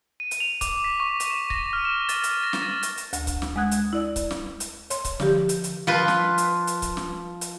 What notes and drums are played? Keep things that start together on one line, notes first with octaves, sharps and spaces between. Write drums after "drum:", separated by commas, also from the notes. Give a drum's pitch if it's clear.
D#7
drum: hi-hat
F7
D6, drum: kick C#1, hi-hat
B6
C#6
drum: hi-hat
E7
A#6, drum: kick C#1
F6
E7
A6, drum: hi-hat
drum: hi-hat
A#6
drum: snare
A6
drum: hi-hat
drum: hi-hat
D2, drum: hi-hat
drum: kick C#1, hi-hat
drum: snare
G#3 F#5 D#6 F#6 G#6
drum: hi-hat
E4 D5
drum: kick C#1, hi-hat
drum: snare
drum: hi-hat
C#5 C6, drum: hi-hat
drum: kick C#1, hi-hat
D3 F3 G4 G6, drum: snare
drum: hi-hat
drum: hi-hat
F3 F4 B4
drum: snare
drum: hi-hat
drum: hi-hat
drum: kick C#1, hi-hat
drum: snare
drum: hi-hat